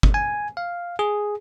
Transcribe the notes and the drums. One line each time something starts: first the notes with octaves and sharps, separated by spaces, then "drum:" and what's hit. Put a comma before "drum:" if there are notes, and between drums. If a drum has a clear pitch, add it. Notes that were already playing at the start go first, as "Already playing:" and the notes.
drum: kick
G#5
F5
G#4